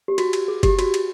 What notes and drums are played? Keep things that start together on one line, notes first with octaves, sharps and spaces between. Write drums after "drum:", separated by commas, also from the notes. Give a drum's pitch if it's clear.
G4
F#4, drum: cymbal
drum: cymbal
G#4
G4, drum: kick F#1, cymbal
F#4, drum: cymbal
drum: cymbal